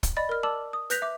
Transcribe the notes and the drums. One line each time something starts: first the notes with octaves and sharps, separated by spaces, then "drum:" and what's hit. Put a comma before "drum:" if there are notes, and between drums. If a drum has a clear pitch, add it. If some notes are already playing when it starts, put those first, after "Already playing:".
drum: kick, hi-hat
D5 D#5 B5 A6
A#4 F6
D5 A5 D6 E6 F#7
D#6
B4 F#6 G6 A#6 B6 F7, drum: hi-hat
E5 D6